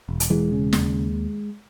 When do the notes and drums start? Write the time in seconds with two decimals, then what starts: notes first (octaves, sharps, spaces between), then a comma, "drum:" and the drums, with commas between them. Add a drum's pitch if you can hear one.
0.09 E1
0.20 drum: hi-hat
0.30 E1 E3 G#3
0.52 C#3
0.73 D#2, drum: snare